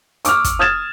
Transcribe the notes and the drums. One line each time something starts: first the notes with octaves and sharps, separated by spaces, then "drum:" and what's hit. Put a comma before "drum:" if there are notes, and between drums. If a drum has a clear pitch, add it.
C#6 D6 E6 F6, drum: hi-hat
drum: kick, hi-hat
D#6 F6 G#6 A6 E7